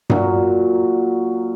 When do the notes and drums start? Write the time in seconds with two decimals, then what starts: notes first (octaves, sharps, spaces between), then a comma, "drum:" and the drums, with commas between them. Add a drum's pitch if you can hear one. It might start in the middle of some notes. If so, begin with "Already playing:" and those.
0.10 A#2 F#3, drum: tom G2